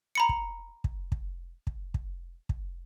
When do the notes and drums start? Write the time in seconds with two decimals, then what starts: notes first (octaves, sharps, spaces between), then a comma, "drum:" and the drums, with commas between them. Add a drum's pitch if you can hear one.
0.15 A#5 B5 C#7
0.29 drum: kick
0.84 drum: kick
1.12 drum: kick
1.67 drum: kick
1.94 drum: kick
2.49 drum: kick